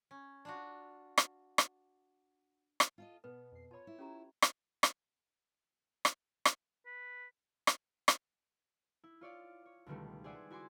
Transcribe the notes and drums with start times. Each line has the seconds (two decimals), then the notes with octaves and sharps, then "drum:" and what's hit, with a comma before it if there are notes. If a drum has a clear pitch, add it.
0.11 C#4
0.45 D4 F4 F#4
1.18 drum: rim click
1.58 drum: rim click
2.80 drum: rim click
2.98 F4 A4 D#5
3.24 B2 B3 B4
3.52 F2 C7
3.71 F4 C#5 A5 B5
3.87 E4
3.99 C#4 G4 A#5
4.42 drum: rim click
4.83 drum: rim click
6.05 drum: rim click
6.45 drum: rim click
6.86 B4
7.67 drum: rim click
8.08 drum: rim click
9.04 E4
9.21 F4 C#5 D5 F5
9.66 C#5
9.86 C#2 B2 D3 D#3 G3 A3
10.24 G#4 C5 D5 E5 F#5 G#5
10.50 E4 F#4 G#5 C6 D6